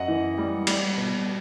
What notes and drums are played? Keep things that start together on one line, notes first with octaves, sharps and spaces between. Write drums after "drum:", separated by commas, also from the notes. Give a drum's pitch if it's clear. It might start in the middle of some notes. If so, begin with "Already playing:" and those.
Already playing: F#2 D#5 F#5
E3
G3
G3, drum: cymbal
B2